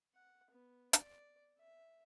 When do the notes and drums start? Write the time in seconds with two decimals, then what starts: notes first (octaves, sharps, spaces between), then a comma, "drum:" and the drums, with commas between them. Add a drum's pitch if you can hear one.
0.15 F#5
0.51 B3
0.93 D5, drum: hi-hat
1.59 E5